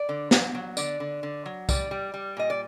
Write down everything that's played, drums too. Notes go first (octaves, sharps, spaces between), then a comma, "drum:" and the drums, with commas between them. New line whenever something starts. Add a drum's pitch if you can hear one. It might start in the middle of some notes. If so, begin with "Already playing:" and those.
Already playing: D5
D3
F#3, drum: snare
F#3
D3 D5, drum: tambourine
D3
D3
F#3
G3 D5, drum: kick C2, tambourine
G3
G3
A#2 D#5
D5